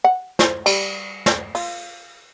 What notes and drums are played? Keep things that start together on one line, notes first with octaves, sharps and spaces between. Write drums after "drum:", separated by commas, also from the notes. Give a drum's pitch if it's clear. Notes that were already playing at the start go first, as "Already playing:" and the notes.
F#5
C5, drum: snare
G3, drum: cymbal
drum: snare
F4, drum: open hi-hat